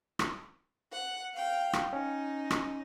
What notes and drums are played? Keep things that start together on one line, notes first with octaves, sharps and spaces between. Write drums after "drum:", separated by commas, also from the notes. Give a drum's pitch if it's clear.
drum: rim click
F#5
F5 G5
drum: rim click
C#4 D#4
drum: rim click